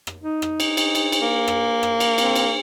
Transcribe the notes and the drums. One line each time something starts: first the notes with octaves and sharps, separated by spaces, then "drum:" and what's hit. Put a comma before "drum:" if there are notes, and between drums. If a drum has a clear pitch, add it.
drum: rim click
D#4
drum: rim click
drum: cymbal
drum: cymbal
drum: cymbal
drum: cymbal
A#3
drum: rim click
drum: rim click
drum: cymbal
C4, drum: cymbal
drum: cymbal